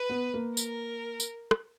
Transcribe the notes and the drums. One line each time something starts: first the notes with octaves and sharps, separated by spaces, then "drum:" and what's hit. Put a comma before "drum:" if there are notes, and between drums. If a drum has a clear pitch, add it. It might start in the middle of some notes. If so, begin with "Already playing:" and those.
Already playing: B4
B3
A#3
A#4, drum: tambourine
drum: tambourine
drum: rim click